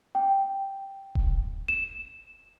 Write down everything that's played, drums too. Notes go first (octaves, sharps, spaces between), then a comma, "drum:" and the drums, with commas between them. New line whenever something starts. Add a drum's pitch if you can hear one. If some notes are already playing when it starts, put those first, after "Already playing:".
G5
drum: kick D#1
E7